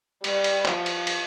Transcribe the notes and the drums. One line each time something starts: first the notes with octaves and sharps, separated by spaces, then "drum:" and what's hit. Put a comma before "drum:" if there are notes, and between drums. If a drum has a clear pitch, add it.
G3, drum: cymbal
drum: cymbal
F3, drum: clap
drum: cymbal
drum: cymbal